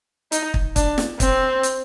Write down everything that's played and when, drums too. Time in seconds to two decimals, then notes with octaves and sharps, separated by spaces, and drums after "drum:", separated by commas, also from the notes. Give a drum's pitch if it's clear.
0.32 D#4, drum: hi-hat
0.54 drum: kick
0.76 D4, drum: kick, hi-hat
0.98 drum: snare
1.20 C4, drum: kick, hi-hat
1.63 drum: hi-hat